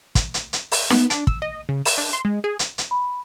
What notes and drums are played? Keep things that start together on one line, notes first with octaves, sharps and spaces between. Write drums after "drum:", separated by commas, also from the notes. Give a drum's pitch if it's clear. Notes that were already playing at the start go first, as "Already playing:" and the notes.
drum: kick, hi-hat
drum: hi-hat
drum: hi-hat
drum: open hi-hat
B3, drum: snare D#4
D4, drum: hi-hat
E6, drum: kick
D#5
C#3
E7, drum: open hi-hat
D4
C6
G#3
G#4
drum: hi-hat
drum: hi-hat
B5